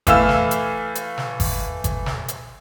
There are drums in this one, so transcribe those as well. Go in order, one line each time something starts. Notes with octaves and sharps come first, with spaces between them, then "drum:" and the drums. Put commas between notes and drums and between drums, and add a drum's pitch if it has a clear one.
E3 A3 F5 E6 E7, drum: kick G1, hi-hat
drum: snare
drum: hi-hat
drum: hi-hat
drum: snare
drum: kick G1, open hi-hat
drum: kick G1, hi-hat
drum: snare
drum: hi-hat